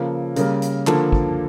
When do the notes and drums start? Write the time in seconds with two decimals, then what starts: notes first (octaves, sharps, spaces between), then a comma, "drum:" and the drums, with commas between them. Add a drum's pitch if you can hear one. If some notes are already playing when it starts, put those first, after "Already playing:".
Already playing: C#3 F3 A#3 A4
0.36 C#3 G3 A#3 A#4, drum: hi-hat
0.62 drum: hi-hat
0.87 D3 F3 A#3 A4, drum: clap
1.12 drum: kick